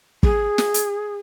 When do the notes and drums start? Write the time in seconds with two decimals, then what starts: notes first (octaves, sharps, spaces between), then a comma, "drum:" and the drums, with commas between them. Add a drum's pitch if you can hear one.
0.23 G#4, drum: kick
0.58 drum: snare
0.74 drum: hi-hat